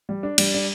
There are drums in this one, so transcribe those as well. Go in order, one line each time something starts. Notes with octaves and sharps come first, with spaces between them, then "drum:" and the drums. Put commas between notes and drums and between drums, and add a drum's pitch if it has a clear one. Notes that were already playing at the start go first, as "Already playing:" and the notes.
G3
D4
G3, drum: cymbal
D4